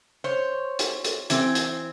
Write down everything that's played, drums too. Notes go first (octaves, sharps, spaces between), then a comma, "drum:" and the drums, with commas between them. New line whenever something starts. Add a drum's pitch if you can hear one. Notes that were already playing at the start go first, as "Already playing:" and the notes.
C5 C#5
drum: hi-hat
drum: hi-hat
E3 C4, drum: hi-hat
drum: hi-hat